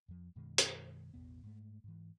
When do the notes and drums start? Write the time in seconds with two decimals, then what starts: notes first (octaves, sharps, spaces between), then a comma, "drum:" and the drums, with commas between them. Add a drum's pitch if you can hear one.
0.08 F2 F3
0.36 F#2 B2 D#3 G#3
0.58 drum: hi-hat
1.14 A1 E2 B2 B3
1.44 G#2 A3
1.84 G#2 E3